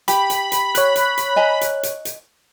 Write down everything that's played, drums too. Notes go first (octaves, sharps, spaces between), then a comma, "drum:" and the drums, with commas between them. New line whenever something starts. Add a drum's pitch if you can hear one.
G4 B5, drum: hi-hat
drum: hi-hat
drum: hi-hat
C#5 F#6, drum: hi-hat
drum: hi-hat
drum: hi-hat
D#5 G#5 A#5
drum: hi-hat
drum: hi-hat
drum: hi-hat